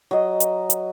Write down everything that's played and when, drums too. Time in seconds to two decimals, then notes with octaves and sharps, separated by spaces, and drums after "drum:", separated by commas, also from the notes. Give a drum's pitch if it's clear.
0.11 F#3 D#5
0.40 drum: hi-hat
0.70 drum: hi-hat